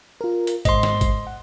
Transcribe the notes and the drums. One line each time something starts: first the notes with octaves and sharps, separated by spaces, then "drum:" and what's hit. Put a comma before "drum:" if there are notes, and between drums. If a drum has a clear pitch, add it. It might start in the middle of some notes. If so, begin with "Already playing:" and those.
F4 A#4
drum: hi-hat
G#2 C5 D#5 C6 C7, drum: kick G#1, hi-hat
drum: snare
drum: kick G#1, hi-hat
F#5